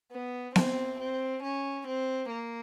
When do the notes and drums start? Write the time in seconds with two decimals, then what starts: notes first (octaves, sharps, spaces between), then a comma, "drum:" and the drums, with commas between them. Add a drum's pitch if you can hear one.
0.12 B3
0.56 C4, drum: snare B3
1.00 C4
1.43 C#4
1.88 C4
2.31 A#3